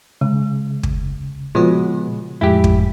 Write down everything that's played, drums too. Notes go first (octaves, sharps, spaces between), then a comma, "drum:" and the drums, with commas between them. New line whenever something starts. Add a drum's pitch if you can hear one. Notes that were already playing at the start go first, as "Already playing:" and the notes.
C#3 G#3
drum: kick
A#2 F3 G#3 B3 F4 F#4
F2 A2 G#3 E4 G4
drum: kick